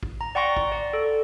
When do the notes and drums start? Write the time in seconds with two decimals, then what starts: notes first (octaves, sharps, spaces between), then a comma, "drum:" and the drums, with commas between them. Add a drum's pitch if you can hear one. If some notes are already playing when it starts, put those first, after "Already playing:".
0.03 drum: kick
0.21 A#5
0.35 D5 F#5 G5 C6 C#6 A#6
0.56 drum: kick
0.72 D5
0.93 A4